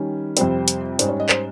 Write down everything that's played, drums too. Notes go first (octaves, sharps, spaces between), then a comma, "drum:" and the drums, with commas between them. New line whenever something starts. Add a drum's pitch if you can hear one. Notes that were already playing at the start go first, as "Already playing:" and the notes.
Already playing: D#3 G3 C#4
F2 C3 G3 C4 C5, drum: hi-hat
drum: hi-hat
G#2 G3 C#4 C5, drum: hi-hat
C#5
D#5
C5, drum: clap